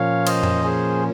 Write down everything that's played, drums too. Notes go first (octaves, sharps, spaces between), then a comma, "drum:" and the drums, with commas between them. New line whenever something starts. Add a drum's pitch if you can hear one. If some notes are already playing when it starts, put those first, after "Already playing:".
Already playing: A#2 F3 A#3 C#4 C#5 F5
C5 D#5, drum: cymbal
drum: tom F2
G#4 C5